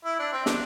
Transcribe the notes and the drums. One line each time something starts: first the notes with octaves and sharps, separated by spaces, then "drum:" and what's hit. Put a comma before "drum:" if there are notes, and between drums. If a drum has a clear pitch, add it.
E4
D4
C4
D4, drum: snare